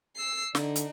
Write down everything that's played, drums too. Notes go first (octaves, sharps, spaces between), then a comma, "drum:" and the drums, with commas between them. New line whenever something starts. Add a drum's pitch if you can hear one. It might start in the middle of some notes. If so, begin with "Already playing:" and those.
E6 C7
D3 D4 D#4, drum: snare
drum: hi-hat